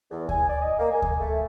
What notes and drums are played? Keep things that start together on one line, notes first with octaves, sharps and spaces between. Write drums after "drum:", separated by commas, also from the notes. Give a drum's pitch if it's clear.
E2
G#5, drum: kick D2
D5
D#5
A#3
G#5
drum: kick D2
A3